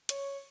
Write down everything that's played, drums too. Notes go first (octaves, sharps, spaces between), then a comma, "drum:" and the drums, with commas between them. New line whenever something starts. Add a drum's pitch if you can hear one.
C#5, drum: hi-hat